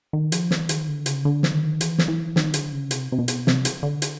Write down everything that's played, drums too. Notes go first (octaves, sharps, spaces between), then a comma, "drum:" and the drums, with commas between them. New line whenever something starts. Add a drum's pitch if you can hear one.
D#3
F3, drum: hi-hat
E3, drum: snare
D#3, drum: hi-hat
D3
C#3, drum: hi-hat
D3
drum: snare
D#3
E3, drum: hi-hat
drum: snare
E3
D#3, drum: snare
D3, drum: hi-hat
C#3
C3, drum: hi-hat
C3
B2
drum: hi-hat
C3, drum: snare
drum: hi-hat
D3
drum: hi-hat